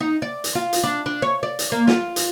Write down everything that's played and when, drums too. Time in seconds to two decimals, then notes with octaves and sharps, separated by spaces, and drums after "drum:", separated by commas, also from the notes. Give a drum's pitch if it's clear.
0.01 D#4
0.22 D5
0.44 drum: hi-hat
0.55 F4
0.73 drum: hi-hat
0.83 D4
1.06 D4
1.22 C#5
1.43 D5
1.59 drum: hi-hat
1.72 A#3
1.87 F4, drum: snare
2.16 drum: hi-hat